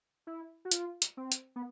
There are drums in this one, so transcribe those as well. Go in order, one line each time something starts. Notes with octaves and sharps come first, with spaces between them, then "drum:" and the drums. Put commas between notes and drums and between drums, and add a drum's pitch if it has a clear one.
E4
F#4
F4, drum: hi-hat
drum: hi-hat
C4
drum: hi-hat
B3